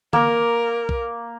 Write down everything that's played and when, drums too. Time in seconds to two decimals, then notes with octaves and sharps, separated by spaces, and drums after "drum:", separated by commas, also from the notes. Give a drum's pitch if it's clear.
0.13 A#3 A#4, drum: tom D3
0.89 drum: kick